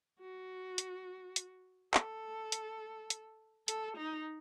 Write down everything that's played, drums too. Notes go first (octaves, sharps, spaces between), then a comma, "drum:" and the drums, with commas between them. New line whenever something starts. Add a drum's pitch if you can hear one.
F#4
drum: hi-hat
drum: hi-hat
A4, drum: clap
drum: hi-hat
drum: hi-hat
A4, drum: hi-hat
D#4